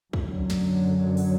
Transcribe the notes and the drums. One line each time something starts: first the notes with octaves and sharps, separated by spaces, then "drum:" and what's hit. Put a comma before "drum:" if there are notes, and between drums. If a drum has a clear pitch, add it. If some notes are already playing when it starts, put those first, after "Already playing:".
F#2 D3 F#3, drum: kick
drum: snare
drum: open hi-hat